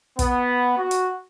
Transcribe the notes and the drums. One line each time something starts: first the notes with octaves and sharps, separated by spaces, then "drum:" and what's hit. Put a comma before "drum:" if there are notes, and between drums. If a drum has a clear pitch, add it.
B3, drum: kick, hi-hat
F#4
drum: hi-hat